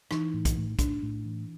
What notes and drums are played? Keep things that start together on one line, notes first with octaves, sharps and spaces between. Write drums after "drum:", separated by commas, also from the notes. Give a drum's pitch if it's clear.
E3 D#4, drum: rim click
A2
drum: kick, hi-hat
A2
A2 D4, drum: kick, hi-hat
A2
E3